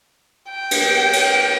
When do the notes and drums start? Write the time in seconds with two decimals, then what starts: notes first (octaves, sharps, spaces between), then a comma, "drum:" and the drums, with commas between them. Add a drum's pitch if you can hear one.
0.50 G5
0.71 drum: cymbal
1.13 drum: cymbal